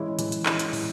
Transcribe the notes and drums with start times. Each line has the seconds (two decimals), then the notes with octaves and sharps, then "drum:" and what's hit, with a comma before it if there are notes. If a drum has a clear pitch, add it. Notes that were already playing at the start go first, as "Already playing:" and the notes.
Already playing: E3 G#3 C#4 E4
0.19 E3, drum: hi-hat
0.32 drum: hi-hat
0.46 G#3 C#4 E4, drum: clap
0.59 drum: hi-hat
0.73 E3, drum: open hi-hat